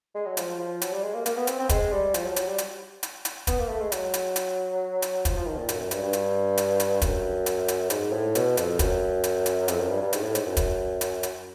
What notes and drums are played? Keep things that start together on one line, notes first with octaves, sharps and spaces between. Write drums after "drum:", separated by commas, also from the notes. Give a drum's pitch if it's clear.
G#3
F#3
F3, drum: hi-hat
F3
F#3, drum: hi-hat
G3
G#3
A#3
A#3, drum: hi-hat
B3
C4, drum: hi-hat
C4
G#3, drum: kick, hi-hat
G3
F3, drum: hi-hat
F#3
F#3, drum: hi-hat
G3
drum: hi-hat
drum: hi-hat
drum: hi-hat
B3, drum: kick, hi-hat
A#3
A3
G#3
F#3, drum: hi-hat
drum: hi-hat
drum: hi-hat
drum: hi-hat
F3, drum: kick, hi-hat
F3
D#3
A#2
F#2, drum: hi-hat
F#2
G2, drum: hi-hat
G2
drum: hi-hat
drum: hi-hat
drum: hi-hat
F#2, drum: kick, hi-hat
drum: hi-hat
drum: hi-hat
G#2, drum: hi-hat
A2
B2, drum: hi-hat
F2, drum: hi-hat
F#2, drum: kick, hi-hat
drum: hi-hat
drum: hi-hat
F2, drum: hi-hat
F#2
G2
G2
G#2, drum: hi-hat
A2
G#2, drum: hi-hat
F#2
drum: kick, hi-hat
drum: hi-hat
drum: hi-hat